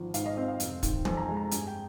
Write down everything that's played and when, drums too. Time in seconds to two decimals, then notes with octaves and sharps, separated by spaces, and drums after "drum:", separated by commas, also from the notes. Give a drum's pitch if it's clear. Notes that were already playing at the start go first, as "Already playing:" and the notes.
Already playing: G#1 F3
0.14 G#2 F5, drum: hi-hat
0.26 D#5
0.37 C4 D#5
0.48 F5
0.60 F1, drum: hi-hat
0.83 D#3, drum: kick, hi-hat
1.05 F2 G#5, drum: tom
1.17 A#5
1.21 G#5
1.28 G#3
1.37 A#5
1.51 G2 G#5, drum: hi-hat
1.67 G5